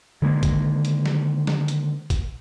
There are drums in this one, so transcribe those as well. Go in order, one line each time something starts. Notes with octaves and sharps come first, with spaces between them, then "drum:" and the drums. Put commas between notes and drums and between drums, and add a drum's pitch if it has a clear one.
D3 D#3 G#3 A#3
drum: kick, hi-hat
drum: hi-hat
drum: snare
drum: snare
drum: hi-hat
drum: kick, hi-hat